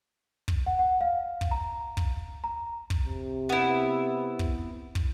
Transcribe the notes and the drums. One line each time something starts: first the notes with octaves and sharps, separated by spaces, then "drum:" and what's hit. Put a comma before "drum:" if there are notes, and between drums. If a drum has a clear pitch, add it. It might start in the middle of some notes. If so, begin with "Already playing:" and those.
drum: kick
F#5
F#5
F5
drum: kick
A#5
drum: kick
A#5
drum: kick
C3
B3 E4
drum: kick
drum: kick